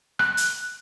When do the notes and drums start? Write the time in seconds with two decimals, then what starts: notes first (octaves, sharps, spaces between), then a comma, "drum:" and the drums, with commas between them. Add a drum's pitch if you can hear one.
0.19 F#6, drum: rim click
0.37 drum: hi-hat